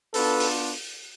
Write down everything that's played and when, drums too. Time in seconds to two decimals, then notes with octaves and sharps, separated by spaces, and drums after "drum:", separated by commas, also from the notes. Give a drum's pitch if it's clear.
0.14 B3 D4 F4 A4 B4, drum: open hi-hat
0.40 drum: open hi-hat